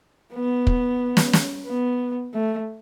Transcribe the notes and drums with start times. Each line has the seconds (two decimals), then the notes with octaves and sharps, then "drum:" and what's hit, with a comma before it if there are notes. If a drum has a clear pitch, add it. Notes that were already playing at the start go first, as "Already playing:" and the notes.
0.33 B3
0.67 drum: kick
1.17 drum: snare
1.33 drum: snare
1.67 B3
2.34 A3